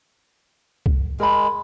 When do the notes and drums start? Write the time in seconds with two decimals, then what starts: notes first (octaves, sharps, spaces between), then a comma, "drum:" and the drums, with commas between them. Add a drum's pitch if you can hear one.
0.86 drum: kick C2
1.20 G#3 A#4 B5